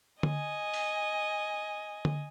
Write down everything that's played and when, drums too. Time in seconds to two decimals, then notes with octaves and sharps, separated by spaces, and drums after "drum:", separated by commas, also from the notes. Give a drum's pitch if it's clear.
0.23 D#5 G#5, drum: tom D3
0.74 drum: open hi-hat
2.05 drum: tom D3